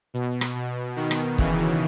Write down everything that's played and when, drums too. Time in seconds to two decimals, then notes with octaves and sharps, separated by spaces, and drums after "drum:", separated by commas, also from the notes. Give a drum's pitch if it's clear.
0.14 B2
0.41 drum: rim click
0.55 B2
0.96 B2 D#3
1.11 drum: rim click
1.38 C#3 E3, drum: kick